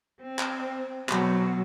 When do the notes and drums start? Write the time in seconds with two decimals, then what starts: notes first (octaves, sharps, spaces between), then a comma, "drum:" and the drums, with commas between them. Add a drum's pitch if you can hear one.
0.22 C4
0.39 drum: clap
1.09 B2 F#3, drum: clap